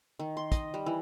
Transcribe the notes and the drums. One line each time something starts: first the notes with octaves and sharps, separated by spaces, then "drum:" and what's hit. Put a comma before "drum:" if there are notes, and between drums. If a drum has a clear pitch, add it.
D#3
C6
D#5, drum: kick, hi-hat
G3
E3